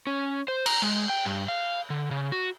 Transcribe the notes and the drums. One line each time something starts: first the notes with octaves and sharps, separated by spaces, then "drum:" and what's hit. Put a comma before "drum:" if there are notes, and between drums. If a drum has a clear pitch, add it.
C#4
C5
A#5, drum: cymbal
G#3
G5
G2
F5
D3
C#3
F#4